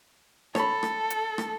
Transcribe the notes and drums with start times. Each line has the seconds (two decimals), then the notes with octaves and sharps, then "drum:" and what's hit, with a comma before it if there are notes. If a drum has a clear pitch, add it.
0.55 A4 C#5 B5, drum: rim click
0.83 drum: rim click
1.10 drum: hi-hat
1.38 drum: rim click